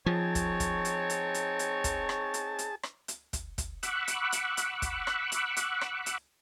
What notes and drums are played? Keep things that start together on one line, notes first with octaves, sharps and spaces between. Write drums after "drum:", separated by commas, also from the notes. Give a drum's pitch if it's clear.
F3 C4 D#4 G#4 C#5 A5
drum: kick, hi-hat
drum: kick, hi-hat
drum: hi-hat
drum: hi-hat
drum: hi-hat
drum: hi-hat
drum: kick, hi-hat
drum: rim click
drum: hi-hat
drum: hi-hat
drum: rim click
drum: hi-hat
drum: kick, hi-hat
drum: kick, hi-hat
F#5 B5 C#6 D6 E6 F#6, drum: hi-hat
drum: hi-hat
drum: hi-hat
drum: hi-hat
drum: kick, hi-hat
drum: rim click
drum: hi-hat
drum: hi-hat
drum: rim click
drum: hi-hat